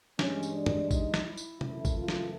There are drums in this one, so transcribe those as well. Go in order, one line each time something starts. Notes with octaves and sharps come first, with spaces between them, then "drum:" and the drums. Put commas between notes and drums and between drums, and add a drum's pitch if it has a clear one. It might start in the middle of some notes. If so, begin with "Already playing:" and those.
G2 E3 G#3 C#4, drum: snare
drum: tambourine
D4
drum: tom
D#4, drum: kick A1, tambourine
drum: snare
E4
drum: tambourine
F#2 C#3 E3 A3 E4, drum: tom
drum: kick A1, tambourine
F4
drum: snare